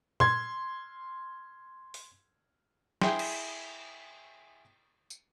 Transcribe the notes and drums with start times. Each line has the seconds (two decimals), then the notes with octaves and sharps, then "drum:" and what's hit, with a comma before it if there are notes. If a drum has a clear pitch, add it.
0.20 C6 G#6, drum: tom A#2
1.94 drum: open hi-hat
3.01 E4 G#4 G5 C6, drum: snare
3.19 drum: cymbal
5.10 drum: tambourine